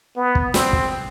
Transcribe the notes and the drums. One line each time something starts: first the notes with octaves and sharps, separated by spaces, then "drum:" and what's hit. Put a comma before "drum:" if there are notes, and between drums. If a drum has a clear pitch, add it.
B3
drum: kick
C4, drum: snare
drum: kick